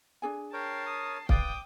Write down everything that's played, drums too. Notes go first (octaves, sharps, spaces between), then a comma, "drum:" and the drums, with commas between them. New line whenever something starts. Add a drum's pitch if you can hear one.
D4 G#4 G#5
A#4 C#5 G5 A5 C7
D#6
B4 D5 F5 G5 D6 D#6, drum: kick